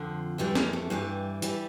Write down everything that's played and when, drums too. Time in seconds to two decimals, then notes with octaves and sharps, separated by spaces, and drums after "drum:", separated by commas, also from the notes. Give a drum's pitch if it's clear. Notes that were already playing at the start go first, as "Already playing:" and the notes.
Already playing: F2 D3 F3
0.38 F2 E3 G3 C4
0.55 A#3, drum: snare
0.73 A3
0.90 G2 E3 G3 A#3
1.42 E3 G3, drum: hi-hat